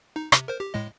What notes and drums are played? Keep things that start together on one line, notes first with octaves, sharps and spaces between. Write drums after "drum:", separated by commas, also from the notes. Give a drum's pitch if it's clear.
D#4
C3, drum: rim click
A#4 C5
G4
A2 G#3 D#5